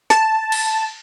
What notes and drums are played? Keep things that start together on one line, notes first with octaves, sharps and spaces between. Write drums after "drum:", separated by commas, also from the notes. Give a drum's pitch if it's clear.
A5, drum: snare
drum: cymbal